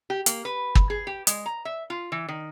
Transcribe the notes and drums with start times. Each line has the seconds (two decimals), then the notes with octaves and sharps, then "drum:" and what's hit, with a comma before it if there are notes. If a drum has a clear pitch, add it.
0.10 G4
0.26 A#3, drum: hi-hat
0.45 B4
0.75 drum: kick
0.90 G#4
1.07 G4
1.27 G#3, drum: hi-hat
1.46 A#5
1.65 E5
1.90 F4
2.12 E3
2.28 D#3